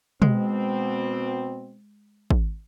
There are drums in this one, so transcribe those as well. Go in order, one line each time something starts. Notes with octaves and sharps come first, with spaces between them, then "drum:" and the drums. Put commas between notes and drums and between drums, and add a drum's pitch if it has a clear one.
B2 G#3 C4, drum: tom B2
drum: kick